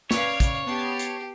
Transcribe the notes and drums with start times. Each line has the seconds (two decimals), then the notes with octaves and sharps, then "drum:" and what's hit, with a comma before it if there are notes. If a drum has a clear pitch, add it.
0.11 C#4 B4 C#5 D5 F5, drum: snare
0.40 drum: kick, hi-hat
0.66 B3 G4 A5 C7
0.99 drum: hi-hat